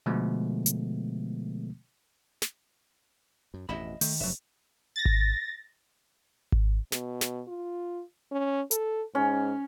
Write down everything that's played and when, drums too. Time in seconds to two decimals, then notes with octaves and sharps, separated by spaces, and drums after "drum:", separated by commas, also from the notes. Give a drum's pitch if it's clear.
0.06 B2 D3 F3 G#3 A3 B3
0.66 drum: hi-hat
2.42 drum: snare
3.54 F#2
3.69 A1 F2 B2 D#5 E5 B5
4.01 D#3 A3, drum: open hi-hat
4.20 F1 G2 F#3 E5
4.96 A6 A#6
5.05 drum: kick G#1
6.52 drum: kick G#1
6.92 B2, drum: snare
7.21 drum: snare
7.48 F4
8.32 C#4
8.71 A4, drum: hi-hat
9.15 G#2 C#4